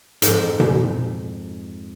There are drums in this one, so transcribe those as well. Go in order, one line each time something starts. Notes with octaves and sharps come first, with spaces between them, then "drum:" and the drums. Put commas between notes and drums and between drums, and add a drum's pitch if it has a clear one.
F2 G#2, drum: hi-hat
drum: tom B2